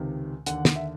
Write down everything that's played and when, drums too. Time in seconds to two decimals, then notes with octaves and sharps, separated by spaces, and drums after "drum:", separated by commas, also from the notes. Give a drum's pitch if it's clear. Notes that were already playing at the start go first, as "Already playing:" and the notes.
Already playing: C#2 C3 D#3
0.46 D#2 D3 F#5, drum: hi-hat
0.65 drum: snare
0.76 E5